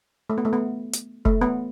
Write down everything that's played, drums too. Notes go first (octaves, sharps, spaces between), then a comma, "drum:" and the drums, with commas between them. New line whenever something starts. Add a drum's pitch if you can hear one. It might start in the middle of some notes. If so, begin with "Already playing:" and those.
A3
B3
A3
B3
drum: hi-hat
A3, drum: kick F1
B3